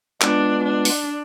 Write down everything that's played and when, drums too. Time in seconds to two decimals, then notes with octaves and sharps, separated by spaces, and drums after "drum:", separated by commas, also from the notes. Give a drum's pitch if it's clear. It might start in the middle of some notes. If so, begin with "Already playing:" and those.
0.21 G#3 B3 D4 F4 B4, drum: clap
0.64 D4
0.85 drum: open hi-hat